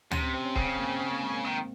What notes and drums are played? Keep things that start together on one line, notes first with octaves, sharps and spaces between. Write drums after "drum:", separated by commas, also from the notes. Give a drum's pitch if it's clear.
C3 C#4, drum: tom D2
C4
C4
C#4
C#3 C4, drum: kick C#1
C4
A#3
C4
C4
A#3
G#3
A#3
D#3